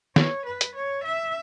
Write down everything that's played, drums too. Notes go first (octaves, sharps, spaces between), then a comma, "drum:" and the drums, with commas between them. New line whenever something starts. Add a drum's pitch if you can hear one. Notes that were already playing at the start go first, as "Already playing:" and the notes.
C#5, drum: snare
B4
drum: hi-hat
C#5
E5